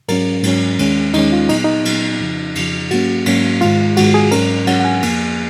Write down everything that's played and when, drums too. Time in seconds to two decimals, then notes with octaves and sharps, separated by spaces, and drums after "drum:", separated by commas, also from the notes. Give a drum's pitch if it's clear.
0.08 G#2 F#3 C#4 A#4, drum: cymbal
0.43 G#2 F#3 C#4, drum: cymbal
0.79 D#2 D#3 G#3 C#4, drum: cymbal
1.14 D#2 D#3 G#3 C#4 D#4, drum: cymbal
1.32 F4
1.49 A#2 F#3 B3 D#4, drum: cymbal
1.64 D#4
1.85 A#2 F#3 B3, drum: cymbal
2.20 F2 C#3 F3
2.55 F2 C#3 F3, drum: cymbal
2.91 G#2 F#3 A#3 C#4 F#4, drum: cymbal
3.26 G#2 F#3 A#3 C#4, drum: cymbal
3.61 G#2 D#3 G#3 F4, drum: cymbal
3.97 G#2 D#3 G#3 F#4, drum: cymbal
4.14 G#4
4.31 G#2 F#3 C#4 A#4, drum: cymbal
4.67 G#2 F#3 C#4 F#5, drum: cymbal
4.80 F#5
4.85 G#5
5.03 F2 F3 A#3, drum: cymbal